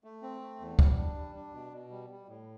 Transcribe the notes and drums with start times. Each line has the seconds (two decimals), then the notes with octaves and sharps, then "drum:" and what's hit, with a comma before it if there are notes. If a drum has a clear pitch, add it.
0.04 A3
0.22 C4
0.41 A3
0.60 E2
0.79 G3, drum: kick
0.97 D4
1.16 G3
1.35 D4
1.54 B2
1.72 B2
1.91 G3
2.10 G3
2.28 A2